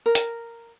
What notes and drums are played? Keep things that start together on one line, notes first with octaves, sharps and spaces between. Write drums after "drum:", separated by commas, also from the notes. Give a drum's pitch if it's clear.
A#4
drum: hi-hat